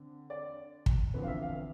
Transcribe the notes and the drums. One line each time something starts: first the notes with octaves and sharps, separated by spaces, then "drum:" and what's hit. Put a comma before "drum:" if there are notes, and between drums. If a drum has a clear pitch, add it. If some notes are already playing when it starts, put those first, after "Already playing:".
Already playing: D3 C4
D5
drum: kick
E2 D3 F3 C4 B4
F5
E5
F5